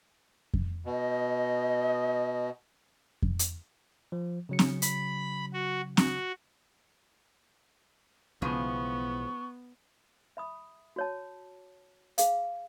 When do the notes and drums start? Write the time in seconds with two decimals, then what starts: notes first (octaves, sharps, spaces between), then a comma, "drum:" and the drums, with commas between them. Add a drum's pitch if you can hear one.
0.54 drum: kick F2
0.86 B2 D#5
3.22 drum: kick F2
3.39 drum: hi-hat
4.12 F3
4.49 C#3 F#3 C#7
4.59 drum: snare C4
4.82 B5, drum: hi-hat
5.53 F#4
5.97 F#4, drum: snare C4
8.42 B1 C#3 E3 F3 G#3 B3 C#6
10.37 E5 B5 D#6
10.96 F#4 C#5 A5
12.18 G#4 F5, drum: hi-hat